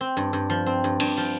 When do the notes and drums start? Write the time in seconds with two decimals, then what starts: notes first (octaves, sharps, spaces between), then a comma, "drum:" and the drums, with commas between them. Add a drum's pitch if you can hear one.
0.01 C4
0.17 G2
0.33 G2
0.50 F3
0.66 C4
0.84 G2
1.00 G2, drum: cymbal
1.17 F3